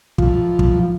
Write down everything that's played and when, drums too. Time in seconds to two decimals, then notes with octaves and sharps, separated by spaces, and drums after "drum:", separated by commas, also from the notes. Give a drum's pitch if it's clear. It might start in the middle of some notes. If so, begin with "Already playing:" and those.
0.18 F3, drum: kick
0.59 drum: kick